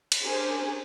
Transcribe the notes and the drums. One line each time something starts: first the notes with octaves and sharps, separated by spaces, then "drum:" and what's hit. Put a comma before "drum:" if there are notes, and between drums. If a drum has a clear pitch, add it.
drum: cymbal
C#4 D4 G4 G#4 A#4 C5